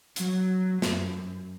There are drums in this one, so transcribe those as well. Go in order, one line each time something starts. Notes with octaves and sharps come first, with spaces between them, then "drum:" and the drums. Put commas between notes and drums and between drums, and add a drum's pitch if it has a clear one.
F#3, drum: hi-hat
F#2, drum: snare